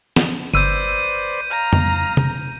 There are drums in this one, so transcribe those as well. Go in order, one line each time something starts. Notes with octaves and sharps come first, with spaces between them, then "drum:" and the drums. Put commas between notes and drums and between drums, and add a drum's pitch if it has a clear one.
drum: snare
G1 B4 C5 D5 E6 G6 D#7
F5 A#5
drum: tom F2
drum: tom C3